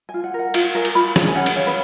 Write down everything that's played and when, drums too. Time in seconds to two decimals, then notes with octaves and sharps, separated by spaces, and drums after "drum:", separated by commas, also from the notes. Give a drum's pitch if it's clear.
0.09 G#5
0.14 F4
0.24 F#5
0.34 A#4 F#5
0.54 F4 F5, drum: cymbal
0.75 A#4 G#5
0.85 drum: cymbal
0.95 F4 B5
1.16 G#4, drum: snare
1.28 G#5
1.35 C#4 F#5
1.46 drum: cymbal
1.56 C#4 F5
1.67 B4